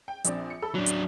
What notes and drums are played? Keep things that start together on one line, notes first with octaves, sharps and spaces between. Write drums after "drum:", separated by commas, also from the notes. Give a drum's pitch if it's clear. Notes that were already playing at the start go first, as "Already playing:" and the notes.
G5
A#1 C4 D4, drum: hi-hat
C#7
A4 B5 E6
F#3 C#4 D4
drum: hi-hat